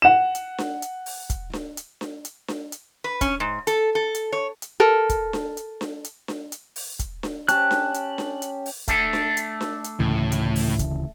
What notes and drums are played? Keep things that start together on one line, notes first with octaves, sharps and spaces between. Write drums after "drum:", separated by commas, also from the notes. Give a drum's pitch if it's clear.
F#5 E7
drum: hi-hat
drum: snare D4
drum: hi-hat
drum: open hi-hat
drum: kick, hi-hat
drum: snare D4
drum: hi-hat
drum: snare D4
drum: hi-hat
drum: snare D4
drum: hi-hat
B4
C#4, drum: kick, hi-hat
G#2
A4, drum: hi-hat
A4
drum: hi-hat
C#5
drum: hi-hat
A4 A#4
drum: kick, hi-hat
drum: snare D4
drum: hi-hat
drum: snare D4
drum: hi-hat
drum: snare D4
drum: hi-hat
drum: open hi-hat
drum: kick, hi-hat
drum: snare D4
C#4 G4 A5 F#6, drum: hi-hat
drum: snare D4
drum: hi-hat
drum: snare D4
drum: hi-hat
drum: open hi-hat
A3 D4 A4, drum: kick, hi-hat
drum: snare D4
drum: hi-hat
drum: snare D4
drum: hi-hat
D2 A2 C#3 E3
drum: hi-hat
drum: open hi-hat
drum: kick, hi-hat